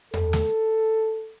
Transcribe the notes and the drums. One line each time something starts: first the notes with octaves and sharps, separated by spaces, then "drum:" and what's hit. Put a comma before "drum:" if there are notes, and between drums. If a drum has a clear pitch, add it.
A4, drum: tom E2
drum: snare